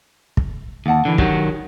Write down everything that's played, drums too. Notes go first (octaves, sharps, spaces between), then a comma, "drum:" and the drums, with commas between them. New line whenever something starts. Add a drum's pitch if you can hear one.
drum: kick
D#2 F5 F#5 A5
D3 E3
D#3 F#3 F#4 G4, drum: kick